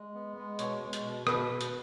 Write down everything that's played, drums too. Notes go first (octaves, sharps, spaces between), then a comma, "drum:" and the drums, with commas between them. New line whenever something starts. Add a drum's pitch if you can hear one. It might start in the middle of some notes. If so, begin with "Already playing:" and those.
Already playing: G#3
B3
G#3
B2 C#5, drum: hi-hat
G#3
drum: hi-hat
B2
B2 B4, drum: rim click
B2
drum: hi-hat